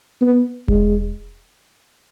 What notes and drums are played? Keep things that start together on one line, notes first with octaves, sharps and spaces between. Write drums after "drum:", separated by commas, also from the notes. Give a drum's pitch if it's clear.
B3
G#3, drum: kick E1